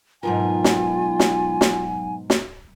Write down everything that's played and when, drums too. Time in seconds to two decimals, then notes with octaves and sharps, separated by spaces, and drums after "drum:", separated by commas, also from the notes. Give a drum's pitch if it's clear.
0.23 G#2 B2 F#3 D#4 F4 A#4 F#5 G#5
0.64 drum: snare
1.20 drum: snare
1.61 drum: snare
2.30 drum: snare